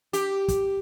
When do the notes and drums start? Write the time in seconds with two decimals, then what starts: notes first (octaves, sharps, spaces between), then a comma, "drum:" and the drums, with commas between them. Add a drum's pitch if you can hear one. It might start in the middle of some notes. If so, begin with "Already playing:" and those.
0.13 G4, drum: hi-hat
0.48 drum: kick, hi-hat